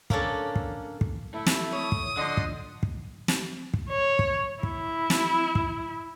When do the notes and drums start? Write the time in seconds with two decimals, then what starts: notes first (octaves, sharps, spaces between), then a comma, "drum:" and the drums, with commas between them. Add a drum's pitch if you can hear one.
0.10 A#3 C#4 D4 A4, drum: kick
0.56 drum: kick
1.01 drum: kick
1.34 A3 E4
1.46 drum: snare
1.73 C#5 D#6
1.92 drum: kick
2.17 D3 F3 D5 D#5 F#5 C6
2.37 drum: kick
2.83 drum: kick
3.28 drum: snare
3.74 drum: kick
3.90 C#5
4.19 drum: kick
4.63 E4, drum: kick
5.10 drum: snare
5.55 drum: kick